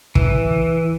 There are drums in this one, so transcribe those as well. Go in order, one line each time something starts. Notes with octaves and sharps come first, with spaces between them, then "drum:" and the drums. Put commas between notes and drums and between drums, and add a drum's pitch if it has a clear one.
E3, drum: kick